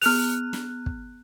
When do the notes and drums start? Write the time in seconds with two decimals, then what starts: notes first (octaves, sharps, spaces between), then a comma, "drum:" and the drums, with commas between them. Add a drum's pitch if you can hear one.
0.02 B3 F6 F#6 F7, drum: open hi-hat
0.53 drum: snare
0.86 drum: kick